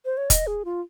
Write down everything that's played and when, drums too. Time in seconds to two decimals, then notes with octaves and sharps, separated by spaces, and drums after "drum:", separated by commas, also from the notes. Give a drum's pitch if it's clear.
0.05 C5
0.17 C#5
0.30 D#5, drum: kick, hi-hat
0.47 G#4
0.65 F4